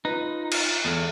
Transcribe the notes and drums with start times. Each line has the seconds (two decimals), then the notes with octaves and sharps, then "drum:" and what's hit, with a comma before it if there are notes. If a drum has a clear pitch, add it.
0.05 D#4 F4 B4
0.52 drum: cymbal
0.84 E2 A4